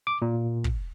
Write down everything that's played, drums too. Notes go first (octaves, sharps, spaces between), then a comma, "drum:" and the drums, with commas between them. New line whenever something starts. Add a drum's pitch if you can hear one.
D6
A#2
drum: kick